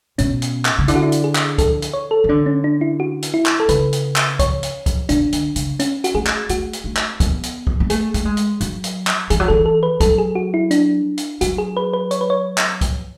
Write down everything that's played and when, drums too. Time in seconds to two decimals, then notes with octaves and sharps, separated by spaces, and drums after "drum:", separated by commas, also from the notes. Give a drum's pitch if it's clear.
0.18 B2 C#4, drum: hi-hat
0.42 drum: hi-hat
0.65 drum: clap
0.78 C#3
0.88 D3 E4, drum: hi-hat
0.96 F#4
1.03 E4
1.12 drum: hi-hat
1.24 G#4
1.35 drum: clap
1.58 A4, drum: kick, hi-hat
1.82 drum: hi-hat
1.93 C#5
2.11 A4
2.24 E3
2.29 D3 D4
2.46 C#4
2.64 D4
2.81 E4
3.00 F#4
3.22 drum: hi-hat
3.34 E4
3.46 drum: clap
3.60 A4
3.69 C#3 B4, drum: hi-hat
3.93 drum: hi-hat
4.16 drum: clap
4.39 C#5, drum: kick, hi-hat
4.63 drum: hi-hat
4.86 drum: kick, hi-hat
5.09 B2 D4, drum: hi-hat
5.32 D3, drum: hi-hat
5.56 C#3, drum: hi-hat
5.79 C#4, drum: hi-hat
6.04 F#4, drum: hi-hat
6.15 A3 G#4
6.26 drum: clap
6.49 A3 F#4, drum: hi-hat
6.73 drum: hi-hat
6.84 A3
6.97 drum: clap
7.20 B3, drum: kick, hi-hat
7.43 drum: hi-hat
7.67 drum: kick
7.80 B3
7.90 A3 G#4, drum: hi-hat
8.14 A3, drum: hi-hat
8.25 G#3
8.37 drum: hi-hat
8.61 F#3, drum: hi-hat
8.84 drum: hi-hat
9.07 drum: clap
9.30 E3 G#4, drum: hi-hat
9.40 F#3
9.48 E3 A4
9.66 A4
9.83 B4
10.00 F#3 A4, drum: kick, hi-hat
10.18 G#4
10.35 F#4
10.54 E4
10.71 D4, drum: hi-hat
11.18 drum: hi-hat
11.41 F#3 F#4, drum: hi-hat
11.58 G#4
11.77 B4
11.93 B4
12.11 C#5, drum: hi-hat
12.21 B4
12.30 C#5
12.58 drum: clap
12.81 drum: kick, hi-hat